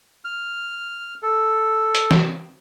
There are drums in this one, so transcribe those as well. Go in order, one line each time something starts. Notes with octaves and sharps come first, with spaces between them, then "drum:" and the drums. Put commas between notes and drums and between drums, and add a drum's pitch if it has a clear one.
F6
A4
drum: hi-hat
drum: snare